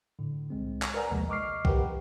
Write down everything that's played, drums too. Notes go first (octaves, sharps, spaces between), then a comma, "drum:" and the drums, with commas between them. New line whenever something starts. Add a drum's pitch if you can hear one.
A2 D3
C2 G#3 C4
drum: clap
A#4 B4 D5 F#5 G#5 A#5
A#1 D#2 C3 F3 G#3
D#5 C#6 D6 F6 C7
G4 A#4 B4 F#5 G5, drum: kick